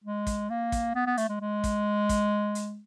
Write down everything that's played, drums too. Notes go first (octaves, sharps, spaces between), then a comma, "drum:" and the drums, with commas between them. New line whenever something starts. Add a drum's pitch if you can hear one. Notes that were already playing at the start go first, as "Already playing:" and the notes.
G#3
drum: kick, hi-hat
A#3
drum: kick, hi-hat
B3
B3
A3, drum: hi-hat
G#3
G#3
drum: kick, hi-hat
drum: kick, hi-hat
drum: hi-hat